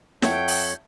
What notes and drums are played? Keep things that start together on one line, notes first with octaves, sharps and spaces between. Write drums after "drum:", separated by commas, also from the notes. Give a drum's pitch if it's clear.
F2 C#5 E5 F#5 G5 A5 G6, drum: snare
drum: open hi-hat